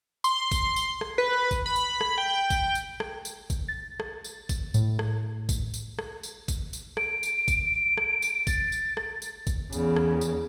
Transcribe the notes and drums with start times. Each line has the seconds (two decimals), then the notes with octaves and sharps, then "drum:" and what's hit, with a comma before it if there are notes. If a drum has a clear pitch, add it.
0.24 C6, drum: tambourine
0.51 drum: kick G#1, tambourine
0.76 drum: tambourine
1.01 drum: rim click
1.18 B4
1.51 drum: kick G#1, tambourine
1.66 B5
1.76 drum: tambourine
2.01 drum: rim click
2.18 G5
2.50 drum: kick G#1, tambourine
2.75 drum: tambourine
3.00 drum: rim click
3.25 drum: tambourine
3.50 drum: kick G#1, tambourine
3.68 A6
4.00 drum: rim click
4.24 drum: tambourine
4.49 drum: kick G#1, tambourine
4.74 A2, drum: tambourine
4.99 drum: rim click
5.49 drum: kick G#1, tambourine
5.74 drum: tambourine
5.99 drum: rim click
6.23 drum: tambourine
6.48 drum: kick G#1, tambourine
6.73 drum: tambourine
6.97 D7, drum: rim click
7.23 drum: tambourine
7.48 drum: kick G#1, tambourine
7.97 drum: rim click
8.22 drum: tambourine
8.47 A6, drum: kick G#1, tambourine
8.72 drum: tambourine
8.97 drum: rim click
9.22 drum: tambourine
9.47 drum: kick G#1, tambourine
9.73 E2 C#3, drum: tambourine
9.96 drum: rim click
10.21 drum: tambourine